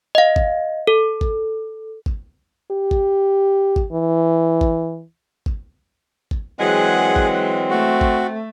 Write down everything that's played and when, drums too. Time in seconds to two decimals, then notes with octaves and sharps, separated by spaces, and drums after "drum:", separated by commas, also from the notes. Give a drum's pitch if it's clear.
0.15 D#5 F5
0.36 drum: kick
0.87 A4
1.21 drum: kick
2.06 drum: kick
2.71 G4
2.91 drum: kick
3.76 drum: kick
3.92 E3
4.61 drum: kick
5.46 drum: kick
6.31 drum: kick
6.60 E3 F#3 G#3 C4 G#4 F#5
7.16 drum: kick
7.70 A3 F#4
8.01 drum: kick